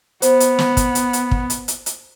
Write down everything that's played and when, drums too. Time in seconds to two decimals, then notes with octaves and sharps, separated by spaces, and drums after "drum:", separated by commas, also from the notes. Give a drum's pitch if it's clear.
0.22 B3 C5, drum: hi-hat
0.40 drum: hi-hat
0.59 drum: snare
0.77 drum: kick, hi-hat
0.95 drum: hi-hat
1.13 drum: hi-hat
1.31 drum: kick
1.50 drum: hi-hat
1.68 drum: hi-hat
1.86 drum: hi-hat